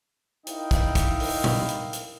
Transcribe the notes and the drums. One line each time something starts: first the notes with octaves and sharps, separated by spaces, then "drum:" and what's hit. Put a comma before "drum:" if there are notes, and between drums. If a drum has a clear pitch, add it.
D#4 E4 A#4 D#5 F5 G5, drum: hi-hat
drum: kick, hi-hat
drum: kick, hi-hat
drum: open hi-hat
drum: tom
drum: hi-hat
drum: hi-hat